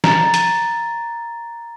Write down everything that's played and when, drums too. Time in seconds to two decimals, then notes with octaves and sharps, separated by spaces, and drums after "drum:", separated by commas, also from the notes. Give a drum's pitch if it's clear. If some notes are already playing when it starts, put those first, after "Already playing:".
0.04 A#5 A6, drum: snare
0.34 drum: hi-hat